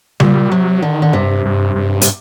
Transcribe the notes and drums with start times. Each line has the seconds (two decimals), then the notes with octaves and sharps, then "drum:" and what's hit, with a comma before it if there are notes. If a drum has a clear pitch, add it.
0.20 A#2 G3, drum: tom C#3
0.51 C3 F#3
0.82 D3 D#3
1.02 D3
1.13 G2 C3
1.45 G2
1.76 G2
2.01 C3, drum: hi-hat